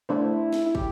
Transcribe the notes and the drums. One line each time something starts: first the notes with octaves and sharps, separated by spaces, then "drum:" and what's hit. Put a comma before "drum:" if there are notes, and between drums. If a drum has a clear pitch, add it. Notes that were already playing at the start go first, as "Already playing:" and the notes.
A3 D4 E4 C5
drum: snare
E4
G4, drum: kick